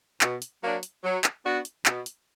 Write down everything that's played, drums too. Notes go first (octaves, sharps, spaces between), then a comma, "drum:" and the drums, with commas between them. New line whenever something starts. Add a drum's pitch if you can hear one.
B2, drum: clap
drum: hi-hat
F#3 A#3 D4
drum: hi-hat
F#3
drum: clap
B3 D4 F#4
drum: hi-hat
B2, drum: clap
drum: hi-hat